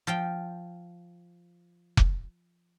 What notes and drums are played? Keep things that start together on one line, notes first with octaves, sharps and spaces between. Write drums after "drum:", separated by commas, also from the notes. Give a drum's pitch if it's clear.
F3 F5 G5
drum: kick F1